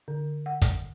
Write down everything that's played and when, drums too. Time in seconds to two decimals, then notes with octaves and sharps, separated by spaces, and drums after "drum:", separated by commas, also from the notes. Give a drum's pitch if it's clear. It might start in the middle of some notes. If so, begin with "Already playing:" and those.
0.08 D3
0.46 F#5
0.62 drum: kick, hi-hat